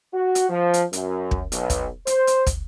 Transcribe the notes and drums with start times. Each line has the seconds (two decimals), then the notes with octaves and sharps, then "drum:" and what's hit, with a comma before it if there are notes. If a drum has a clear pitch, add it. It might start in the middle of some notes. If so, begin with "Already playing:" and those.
0.14 F#4
0.35 drum: hi-hat
0.50 F3
0.74 drum: hi-hat
0.93 F#2, drum: hi-hat
1.31 drum: kick
1.52 B1, drum: hi-hat
1.70 drum: kick, hi-hat
2.07 C5, drum: hi-hat
2.27 drum: hi-hat
2.46 drum: kick, hi-hat